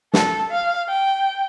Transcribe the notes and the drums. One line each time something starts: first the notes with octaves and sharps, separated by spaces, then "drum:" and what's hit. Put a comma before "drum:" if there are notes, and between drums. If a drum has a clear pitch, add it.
A4, drum: snare
F5
G5